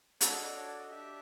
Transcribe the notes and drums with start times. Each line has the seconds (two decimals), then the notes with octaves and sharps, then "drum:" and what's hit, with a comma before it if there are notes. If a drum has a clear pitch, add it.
0.21 D4 F#4 A4 C#5, drum: hi-hat
0.32 D#5
0.44 D5
0.56 C#5
0.67 D5
0.79 D#5
0.90 D4 G4 E5